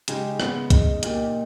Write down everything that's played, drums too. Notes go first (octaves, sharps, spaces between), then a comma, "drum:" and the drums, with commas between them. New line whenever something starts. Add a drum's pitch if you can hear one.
C#3 G#3 D#4 G4, drum: hi-hat
C#3 G#3 B3, drum: rim click
C#3 G#3 D#4, drum: kick C2, hi-hat
A#2 A#3 D#4 G4, drum: hi-hat